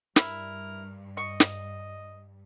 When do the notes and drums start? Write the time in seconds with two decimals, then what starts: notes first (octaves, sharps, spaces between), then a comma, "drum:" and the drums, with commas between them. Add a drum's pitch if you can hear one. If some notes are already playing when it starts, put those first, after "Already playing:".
0.16 G2 E4 A#4, drum: snare
1.17 D#5 C#6
1.40 drum: snare